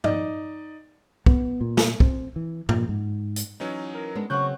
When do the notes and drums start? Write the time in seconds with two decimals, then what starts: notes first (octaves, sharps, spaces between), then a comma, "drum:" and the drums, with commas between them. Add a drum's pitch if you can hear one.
0.04 D#4 D5 D#5, drum: tom G2
1.26 B3, drum: kick
1.61 A#2
1.77 drum: snare
2.00 C4, drum: kick
2.36 E3
2.69 A#2, drum: tom G2
2.89 G#2
3.36 drum: hi-hat
3.60 E3 F#3 C#4 D#4
3.95 A#4
4.15 G#3 B3 D4
4.30 C#3 F#3 C4 F#5 C#6 F#6 G6